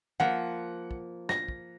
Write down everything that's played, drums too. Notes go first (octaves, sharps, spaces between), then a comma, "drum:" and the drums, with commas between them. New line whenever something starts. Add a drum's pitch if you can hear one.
F3 A#3 F#5
drum: kick
A#6, drum: snare
drum: kick